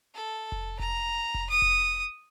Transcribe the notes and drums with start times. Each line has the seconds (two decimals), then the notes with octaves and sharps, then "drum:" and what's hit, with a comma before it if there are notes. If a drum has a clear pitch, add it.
0.14 A4
0.52 drum: kick F1
0.79 A#5, drum: kick F1
1.34 drum: kick F1
1.50 D#6
1.62 drum: kick F1